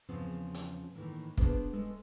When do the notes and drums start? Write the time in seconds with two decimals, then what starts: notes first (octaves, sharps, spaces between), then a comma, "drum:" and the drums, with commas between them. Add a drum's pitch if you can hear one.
0.09 E2 C#3 F3 B3 C4
0.54 drum: hi-hat
0.95 A2 D#3 E3 A#3
1.37 B3 D4 G#4 B4 C5, drum: kick
1.73 G#3 A3 A4